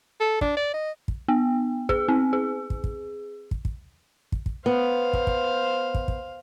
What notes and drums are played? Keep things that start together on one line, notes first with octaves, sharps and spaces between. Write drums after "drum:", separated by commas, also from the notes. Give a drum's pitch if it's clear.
A4
D4, drum: kick
D5
D#5
drum: kick
B3
G#4, drum: kick
C4
G#4
drum: kick
drum: kick
drum: kick
drum: kick
drum: kick
drum: kick
B3 C5 F5
drum: kick
drum: kick
drum: kick
drum: kick